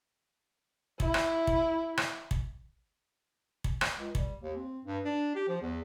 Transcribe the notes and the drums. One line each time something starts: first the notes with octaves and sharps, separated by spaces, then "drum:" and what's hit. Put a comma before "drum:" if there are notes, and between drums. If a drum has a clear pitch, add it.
E4, drum: kick
drum: rim click
drum: kick
drum: rim click
drum: kick
drum: kick
drum: rim click
C#2
G3, drum: kick
D#2
C4
G2
D4
G4
F3
E2